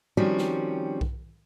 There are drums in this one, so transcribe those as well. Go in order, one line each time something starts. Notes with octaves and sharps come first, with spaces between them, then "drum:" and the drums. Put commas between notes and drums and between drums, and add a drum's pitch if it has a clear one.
D#3 F3 G3 C4 C#4 F#4
drum: snare
drum: kick B1